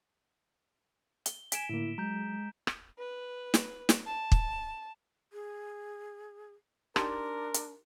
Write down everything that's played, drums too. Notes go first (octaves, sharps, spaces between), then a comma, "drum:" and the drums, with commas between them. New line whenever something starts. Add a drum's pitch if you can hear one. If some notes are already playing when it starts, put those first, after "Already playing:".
G7, drum: hi-hat
G#5 B6 D7 E7, drum: hi-hat
A2 D3 A#3 E4
F#3 G#3 A#5 G6
drum: rim click
B4
drum: snare
drum: snare
A5
drum: kick
G#4
D4 D#4 G4 A#4 A5 C6, drum: rim click
drum: hi-hat